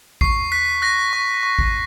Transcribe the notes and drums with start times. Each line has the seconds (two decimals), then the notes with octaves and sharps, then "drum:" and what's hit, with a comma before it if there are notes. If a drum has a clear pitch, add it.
0.21 C#6 C7, drum: kick A1
0.52 F#6 B6
0.82 F#6 A#6
1.13 C#6
1.43 C#6
1.59 drum: kick A1